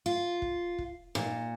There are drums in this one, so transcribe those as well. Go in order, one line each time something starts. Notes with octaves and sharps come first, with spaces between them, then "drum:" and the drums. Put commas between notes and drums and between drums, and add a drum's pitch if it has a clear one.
F4
drum: kick
drum: kick
A#2, drum: snare